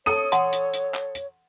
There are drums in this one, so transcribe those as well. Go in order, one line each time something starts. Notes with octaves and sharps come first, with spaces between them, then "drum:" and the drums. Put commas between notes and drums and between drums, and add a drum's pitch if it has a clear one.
A4 C#5 D#6 D#7
F#5 C6, drum: hi-hat
drum: hi-hat
drum: hi-hat
drum: clap
drum: hi-hat